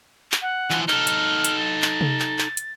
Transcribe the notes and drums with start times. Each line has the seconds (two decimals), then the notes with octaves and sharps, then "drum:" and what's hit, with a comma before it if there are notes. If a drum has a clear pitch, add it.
0.32 drum: clap
0.42 F#5
0.70 E3 F3, drum: clap
0.88 D#4 A4 F6, drum: clap
1.07 drum: hi-hat
1.45 drum: hi-hat
1.59 A6
1.82 drum: clap
2.01 drum: tom C3
2.20 drum: clap
2.38 drum: clap
2.57 drum: hi-hat